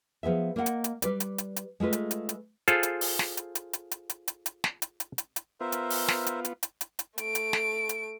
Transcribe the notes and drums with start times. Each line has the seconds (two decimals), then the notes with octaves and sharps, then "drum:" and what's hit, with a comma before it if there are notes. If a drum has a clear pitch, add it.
0.23 F3 B3 G#4 E5
0.56 A#3 A#4 D#5 F5 F#5
0.66 drum: hi-hat
0.84 drum: hi-hat
1.02 G3 B4 D5, drum: hi-hat
1.20 drum: hi-hat
1.38 drum: hi-hat
1.56 drum: hi-hat
1.80 G#3 A3 F4 B4
1.93 drum: hi-hat
2.11 drum: hi-hat
2.29 drum: hi-hat
2.68 F4 G#4 A4 C5, drum: hi-hat
2.83 drum: hi-hat
3.01 drum: open hi-hat
3.19 drum: snare
3.37 drum: hi-hat
3.55 drum: hi-hat
3.73 drum: hi-hat
3.91 drum: hi-hat
4.10 drum: hi-hat
4.28 drum: hi-hat
4.46 drum: hi-hat
4.64 drum: snare
4.82 drum: hi-hat
5.00 drum: hi-hat
5.18 drum: hi-hat
5.36 drum: hi-hat
5.61 B3 F4 A#4 C5 E5
5.72 drum: hi-hat
5.90 drum: open hi-hat
6.08 drum: snare
6.26 drum: hi-hat
6.45 drum: hi-hat
6.63 drum: hi-hat
6.81 drum: hi-hat
6.99 drum: hi-hat
7.18 A3 D7, drum: hi-hat
7.35 drum: hi-hat
7.53 drum: snare
7.89 drum: hi-hat